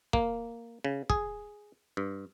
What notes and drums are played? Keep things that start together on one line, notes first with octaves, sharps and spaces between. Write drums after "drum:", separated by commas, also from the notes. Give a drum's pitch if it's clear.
A#3, drum: kick
C#3
G#4, drum: kick
G2